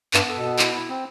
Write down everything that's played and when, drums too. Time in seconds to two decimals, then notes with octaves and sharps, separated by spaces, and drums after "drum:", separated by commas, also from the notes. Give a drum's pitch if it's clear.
0.14 G2 B3, drum: clap
0.29 A4
0.37 B2
0.45 B3
0.59 E4, drum: clap
0.74 E4
0.89 C4